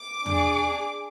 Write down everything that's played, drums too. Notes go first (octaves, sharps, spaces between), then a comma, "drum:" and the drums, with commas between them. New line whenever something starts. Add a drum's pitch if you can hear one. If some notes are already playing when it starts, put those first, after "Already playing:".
Already playing: D6
D4 G#4, drum: tom E2